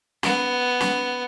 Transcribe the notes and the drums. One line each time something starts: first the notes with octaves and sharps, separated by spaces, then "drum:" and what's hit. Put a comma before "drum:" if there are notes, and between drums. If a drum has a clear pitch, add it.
B3, drum: snare
drum: snare